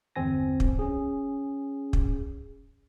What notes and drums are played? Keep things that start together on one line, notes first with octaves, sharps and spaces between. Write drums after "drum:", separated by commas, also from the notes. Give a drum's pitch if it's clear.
G1 E2 C4 G#5 A#6
drum: kick
C#4 G#4
drum: kick